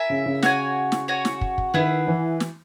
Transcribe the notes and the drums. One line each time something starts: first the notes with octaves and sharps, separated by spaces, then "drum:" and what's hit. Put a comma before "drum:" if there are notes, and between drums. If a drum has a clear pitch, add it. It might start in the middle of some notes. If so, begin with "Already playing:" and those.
Already playing: E4 A#4 E5 G#5
C#3
C#3
F#4 C#5 G#5, drum: snare
drum: snare
F#4 C#5 G#5
drum: snare
drum: kick
drum: kick
D#3 E4 G#4 B4 F#5
E3
drum: snare